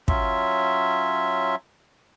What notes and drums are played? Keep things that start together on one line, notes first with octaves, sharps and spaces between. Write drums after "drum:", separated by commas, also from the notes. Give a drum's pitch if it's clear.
F#3 C#4 F4 E5, drum: kick